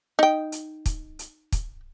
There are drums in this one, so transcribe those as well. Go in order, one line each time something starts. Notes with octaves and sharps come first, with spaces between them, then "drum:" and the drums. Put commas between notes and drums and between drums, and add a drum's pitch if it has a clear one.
D#4 G5
drum: hi-hat
drum: kick, hi-hat
drum: hi-hat
drum: kick, hi-hat